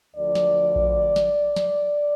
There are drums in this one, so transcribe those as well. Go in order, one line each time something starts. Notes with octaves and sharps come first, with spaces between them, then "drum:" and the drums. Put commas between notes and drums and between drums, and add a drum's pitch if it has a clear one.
D2 D3 F3 D5
drum: snare
drum: kick A#1
drum: snare
drum: snare